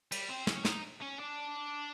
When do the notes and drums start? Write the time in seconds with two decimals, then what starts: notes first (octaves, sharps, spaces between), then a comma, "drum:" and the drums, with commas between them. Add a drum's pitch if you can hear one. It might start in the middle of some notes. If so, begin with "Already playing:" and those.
0.12 G3, drum: cymbal
0.29 C4
0.47 C#4, drum: snare
0.65 D#4, drum: snare
1.01 C#4
1.19 D4